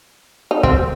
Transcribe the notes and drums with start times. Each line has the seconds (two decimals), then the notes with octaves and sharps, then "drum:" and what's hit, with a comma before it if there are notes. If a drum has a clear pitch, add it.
0.51 D#4
0.63 C4, drum: kick